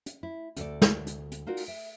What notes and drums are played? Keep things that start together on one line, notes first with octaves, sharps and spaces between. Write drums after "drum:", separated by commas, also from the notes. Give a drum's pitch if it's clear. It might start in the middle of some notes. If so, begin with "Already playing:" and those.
drum: hi-hat
E4
D2 A4 D5, drum: hi-hat
drum: snare
drum: hi-hat
drum: hi-hat
D#4 F4 F#4 A#4 D5
drum: open hi-hat
E5